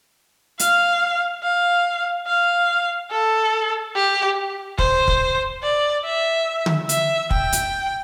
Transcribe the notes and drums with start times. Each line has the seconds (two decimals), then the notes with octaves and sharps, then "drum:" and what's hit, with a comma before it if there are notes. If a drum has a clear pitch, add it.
0.59 F5, drum: hi-hat
1.43 F5
2.27 F5
3.11 A4
3.95 G4
4.79 C5, drum: kick
5.08 drum: kick
5.63 D5
6.05 E5
6.66 drum: tom D3
6.89 E5, drum: hi-hat
7.31 G5, drum: kick
7.53 drum: hi-hat